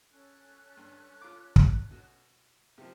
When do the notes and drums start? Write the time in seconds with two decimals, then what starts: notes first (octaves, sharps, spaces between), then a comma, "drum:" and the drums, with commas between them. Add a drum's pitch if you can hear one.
0.12 C#4 A4 F#6
0.77 G2
1.21 F4 D6
1.56 drum: kick
1.91 B2
2.78 C3 F3